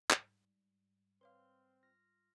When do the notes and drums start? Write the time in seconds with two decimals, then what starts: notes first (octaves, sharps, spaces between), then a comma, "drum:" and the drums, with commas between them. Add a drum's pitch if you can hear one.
0.11 G#2 G3, drum: clap
1.21 C4 B4 C#5 F5 C6 F6
1.83 F4 F6 A#6